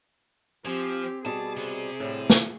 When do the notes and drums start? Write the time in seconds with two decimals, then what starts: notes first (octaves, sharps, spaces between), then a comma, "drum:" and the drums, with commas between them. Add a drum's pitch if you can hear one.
0.65 F3 C4 G4 G#5
1.25 B2 G3 G#4 A5
1.57 C3
2.00 A2 D3 G3
2.30 drum: snare